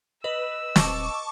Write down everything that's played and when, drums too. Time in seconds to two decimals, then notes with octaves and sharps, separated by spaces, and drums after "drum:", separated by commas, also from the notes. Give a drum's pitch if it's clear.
0.24 B4 D#5 E6
0.76 D#1 A5 C#6 D6, drum: snare